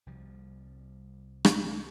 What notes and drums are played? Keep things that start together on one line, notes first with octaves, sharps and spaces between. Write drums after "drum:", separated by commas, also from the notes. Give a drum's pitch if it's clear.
C2 F3 G3
drum: rim click